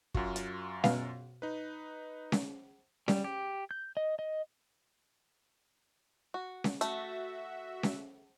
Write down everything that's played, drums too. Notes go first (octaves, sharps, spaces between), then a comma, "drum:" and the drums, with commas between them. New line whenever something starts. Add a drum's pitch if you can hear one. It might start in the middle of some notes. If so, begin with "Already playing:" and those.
F#2 F4 F#4, drum: kick
drum: hi-hat
B2 F5, drum: snare C#4
D#4 B4
drum: snare C#4
G3, drum: snare C#4
G4
G6
D#5
D#5
F#4
drum: snare C#4
A3 F#4 E5, drum: hi-hat
drum: snare C#4